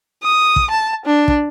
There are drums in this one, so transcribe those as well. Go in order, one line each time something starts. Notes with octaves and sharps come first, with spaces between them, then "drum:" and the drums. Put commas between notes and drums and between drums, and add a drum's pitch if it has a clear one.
D#6
drum: kick
A5
D4
drum: kick